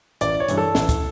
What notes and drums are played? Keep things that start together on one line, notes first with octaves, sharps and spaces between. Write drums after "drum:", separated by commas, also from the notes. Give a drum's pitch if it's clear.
A1 D5, drum: hi-hat
C#5
G2 E3, drum: hi-hat
A4
A1, drum: snare
drum: kick, hi-hat